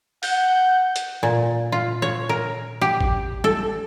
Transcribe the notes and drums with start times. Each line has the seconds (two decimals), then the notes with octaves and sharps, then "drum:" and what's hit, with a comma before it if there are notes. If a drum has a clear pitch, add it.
0.23 F#5 G6, drum: open hi-hat
0.96 drum: hi-hat
1.23 A#2
1.72 F4
2.02 C#5
2.29 A#4
2.81 G4
3.01 drum: kick
3.44 A4, drum: tom